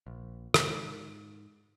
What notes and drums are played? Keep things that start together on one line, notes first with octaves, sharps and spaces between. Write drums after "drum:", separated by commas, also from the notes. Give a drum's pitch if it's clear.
A#1
G#2, drum: rim click